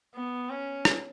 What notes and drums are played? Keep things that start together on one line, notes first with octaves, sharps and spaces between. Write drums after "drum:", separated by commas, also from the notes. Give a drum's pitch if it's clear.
B3
C#4
drum: rim click